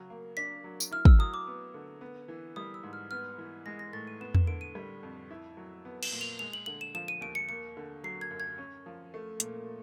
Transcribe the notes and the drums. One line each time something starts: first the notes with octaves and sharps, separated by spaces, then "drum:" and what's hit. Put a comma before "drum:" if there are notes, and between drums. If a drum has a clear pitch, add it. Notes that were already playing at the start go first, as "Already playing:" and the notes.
Already playing: C#3 F#3
A#3
D4 B6
F#3
drum: tambourine
E4 F6
E6, drum: kick
F#3 D#6
D6
B3
D3
B3
E3
G3 D#6
E6
G#2
F6
B3 F6
E3
G#3 A#6
A#6
A2 A6
D#7
B3 E7
E7, drum: tom E2
D3 D7
D#7
G3
F2
E4
F#3
B3
E7, drum: cymbal
A#2
F7
G#3 F7
F#7
D3 F#7
E7
F3 E7
D#7
D#2 D7
C#7
A#3 C#7
D3
F#3 C7
G#6
F#2
G#6
C#4
F3
A3
A#2, drum: hi-hat